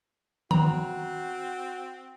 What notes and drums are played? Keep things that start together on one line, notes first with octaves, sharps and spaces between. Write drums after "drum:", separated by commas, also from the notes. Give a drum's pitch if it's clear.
C4 F#4 A#5, drum: tom D#3